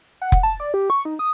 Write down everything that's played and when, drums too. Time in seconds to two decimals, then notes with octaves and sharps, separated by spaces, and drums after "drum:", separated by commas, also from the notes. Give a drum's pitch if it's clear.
0.22 F#5
0.32 drum: kick F1
0.43 A5
0.60 D5
0.74 G4
0.90 C#6
1.05 D#4
1.19 D#6